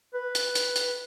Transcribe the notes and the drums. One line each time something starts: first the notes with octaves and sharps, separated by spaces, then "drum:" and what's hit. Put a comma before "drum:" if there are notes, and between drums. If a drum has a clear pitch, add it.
B4
drum: hi-hat
drum: hi-hat
drum: hi-hat